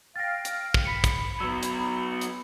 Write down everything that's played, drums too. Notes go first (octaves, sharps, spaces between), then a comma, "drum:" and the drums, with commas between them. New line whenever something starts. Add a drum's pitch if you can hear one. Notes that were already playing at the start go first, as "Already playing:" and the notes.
F5 G5 F6 A6 A#6
drum: hi-hat
drum: kick
B5 B6 C#7
drum: kick, hi-hat
F#3 B3 E6
drum: hi-hat
drum: hi-hat